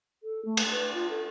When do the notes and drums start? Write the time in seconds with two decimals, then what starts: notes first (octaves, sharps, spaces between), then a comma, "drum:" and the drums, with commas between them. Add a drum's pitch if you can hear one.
0.23 A4
0.45 A3
0.57 drum: cymbal
0.72 B4
0.94 F4
1.10 A4